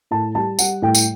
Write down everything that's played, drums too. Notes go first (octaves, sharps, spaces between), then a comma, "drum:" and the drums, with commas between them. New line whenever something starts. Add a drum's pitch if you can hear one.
A2 A5
G3 A5
G3 F#5, drum: tambourine
A2 G5
drum: tambourine